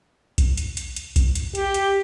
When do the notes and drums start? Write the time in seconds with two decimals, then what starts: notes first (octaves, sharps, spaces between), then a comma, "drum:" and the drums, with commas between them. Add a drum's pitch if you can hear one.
0.38 drum: kick, hi-hat
0.57 drum: hi-hat
0.77 drum: hi-hat
0.96 drum: hi-hat
1.16 drum: kick, hi-hat
1.35 drum: hi-hat
1.55 G4, drum: hi-hat
1.74 drum: hi-hat